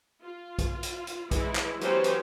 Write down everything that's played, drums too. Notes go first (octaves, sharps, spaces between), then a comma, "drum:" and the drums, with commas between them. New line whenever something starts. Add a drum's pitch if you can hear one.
F4
drum: kick B1, hi-hat
drum: hi-hat
drum: hi-hat
E3 G#3 E4, drum: kick B1, hi-hat
drum: clap
E3 F#3 B3 C#4 G4 C5, drum: hi-hat
drum: hi-hat